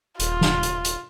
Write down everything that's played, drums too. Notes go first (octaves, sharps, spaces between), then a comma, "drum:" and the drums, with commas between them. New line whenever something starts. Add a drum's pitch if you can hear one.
D#1 F4, drum: hi-hat
drum: snare
drum: hi-hat
drum: hi-hat